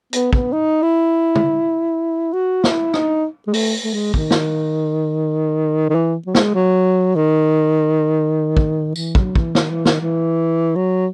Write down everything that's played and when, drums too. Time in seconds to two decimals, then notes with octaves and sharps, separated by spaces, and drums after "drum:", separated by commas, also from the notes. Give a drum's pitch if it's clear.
0.13 B3, drum: hi-hat
0.33 B3, drum: kick
0.52 D#4
0.82 E4
1.35 drum: tom
2.33 F#4
2.64 E4, drum: snare
2.94 D#4, drum: rim click
3.48 G#3
3.53 A3, drum: open hi-hat
3.84 A3
3.94 G#3
4.14 D#3, drum: kick
4.31 drum: snare
5.89 D#3
5.95 E3
6.26 F#3
6.35 G#3, drum: snare
6.55 F#3
7.15 D#3
8.57 drum: kick
8.96 E3, drum: tambourine
9.15 F#3, drum: kick
9.35 E3, drum: kick
9.55 D#3, drum: snare
9.70 E3
9.85 D#3, drum: snare
10.00 E3
10.75 F#3